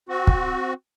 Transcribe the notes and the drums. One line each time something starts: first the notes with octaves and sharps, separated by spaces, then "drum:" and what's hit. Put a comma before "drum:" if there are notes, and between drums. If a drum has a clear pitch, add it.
C4 F#4
drum: kick